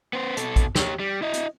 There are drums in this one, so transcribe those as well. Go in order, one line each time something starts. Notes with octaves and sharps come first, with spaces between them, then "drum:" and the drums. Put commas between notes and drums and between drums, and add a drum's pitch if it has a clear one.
B3 C5
B2 A4, drum: hi-hat
drum: kick, hi-hat
G4 C#5, drum: snare
G3
E4 D#5
drum: hi-hat